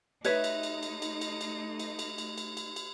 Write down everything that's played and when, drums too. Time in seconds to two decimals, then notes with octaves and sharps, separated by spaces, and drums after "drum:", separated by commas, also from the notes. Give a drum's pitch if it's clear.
0.25 A3 D#4 B4 C#5 E5, drum: cymbal
0.44 drum: cymbal
0.63 drum: cymbal
0.83 drum: cymbal
1.02 drum: cymbal
1.21 drum: cymbal
1.41 drum: cymbal
1.79 drum: cymbal
1.99 drum: cymbal
2.18 drum: cymbal
2.38 drum: cymbal
2.57 drum: cymbal
2.76 drum: cymbal